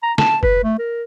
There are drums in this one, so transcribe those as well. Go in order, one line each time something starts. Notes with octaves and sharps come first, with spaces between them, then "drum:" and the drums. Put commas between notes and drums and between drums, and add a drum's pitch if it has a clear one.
A#5
A5, drum: snare
B4, drum: kick F#1
A3
A#4